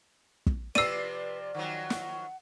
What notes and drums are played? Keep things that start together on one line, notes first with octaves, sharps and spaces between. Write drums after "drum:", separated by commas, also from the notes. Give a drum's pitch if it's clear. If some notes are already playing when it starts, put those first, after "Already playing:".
drum: kick
C3 F3 G4 B4 D5 E6 C7 D#7, drum: snare
D#3 F3 F#3 F#5
drum: snare